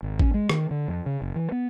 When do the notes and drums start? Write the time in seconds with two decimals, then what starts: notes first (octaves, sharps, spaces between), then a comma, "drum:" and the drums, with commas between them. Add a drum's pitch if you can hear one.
0.03 G#1
0.20 C#4, drum: kick
0.34 G#3
0.49 D#3, drum: rim click
0.71 D3
0.88 F2
1.06 C#3
1.22 F#1
1.36 E3
1.52 B3